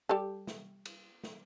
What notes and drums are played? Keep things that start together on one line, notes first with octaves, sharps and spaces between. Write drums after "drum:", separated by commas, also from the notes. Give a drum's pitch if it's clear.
G3 G4 A4
drum: snare
drum: cymbal
drum: snare